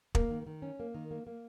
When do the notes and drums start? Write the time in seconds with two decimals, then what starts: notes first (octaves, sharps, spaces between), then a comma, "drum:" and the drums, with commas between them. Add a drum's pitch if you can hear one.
0.15 A#3, drum: kick
0.30 D#3
0.47 D#3
0.62 C#4
0.80 A#3
0.94 D#3
1.11 A#3
1.27 A#3